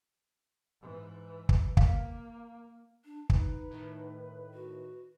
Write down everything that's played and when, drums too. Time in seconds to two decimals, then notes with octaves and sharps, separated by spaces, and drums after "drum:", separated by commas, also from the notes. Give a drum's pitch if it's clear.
0.81 G#2 E3
1.49 drum: kick
1.77 A#3 F5, drum: kick
3.05 D4
3.30 D#4 B4, drum: kick
3.70 A2 D#3
4.54 F#4